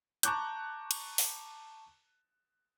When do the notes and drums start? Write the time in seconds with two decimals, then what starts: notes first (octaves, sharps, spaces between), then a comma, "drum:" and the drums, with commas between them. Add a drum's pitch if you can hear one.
0.23 A5 A#5 C#6 D6 F#6 G6, drum: hi-hat
0.91 drum: cymbal
1.18 drum: open hi-hat